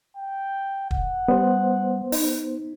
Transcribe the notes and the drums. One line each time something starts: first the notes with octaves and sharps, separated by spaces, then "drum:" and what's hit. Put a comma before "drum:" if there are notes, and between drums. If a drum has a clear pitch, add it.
G5
F#5, drum: kick
G3 B3 C5
D#4, drum: open hi-hat